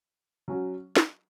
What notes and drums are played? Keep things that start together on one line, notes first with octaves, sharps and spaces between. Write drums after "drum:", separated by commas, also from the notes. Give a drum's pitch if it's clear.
F#3 C#4 F#4
drum: snare